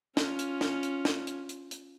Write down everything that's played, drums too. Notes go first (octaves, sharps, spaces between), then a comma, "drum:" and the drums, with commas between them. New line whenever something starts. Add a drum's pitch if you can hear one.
C#4 F4, drum: snare
drum: hi-hat
drum: snare
drum: hi-hat
drum: snare
drum: hi-hat
drum: hi-hat
drum: hi-hat